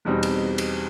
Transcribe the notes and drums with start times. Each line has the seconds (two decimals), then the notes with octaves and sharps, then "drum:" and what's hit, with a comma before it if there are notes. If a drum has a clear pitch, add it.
0.05 E2 B2 G3 C4 D#4
0.23 drum: cymbal
0.58 drum: cymbal